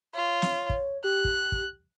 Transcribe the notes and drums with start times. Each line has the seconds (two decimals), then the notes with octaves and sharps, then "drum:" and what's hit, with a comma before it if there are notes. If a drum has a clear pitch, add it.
0.14 F4 C#5
0.42 drum: snare
0.70 drum: kick
1.04 G4 F#6
1.25 drum: kick
1.52 drum: kick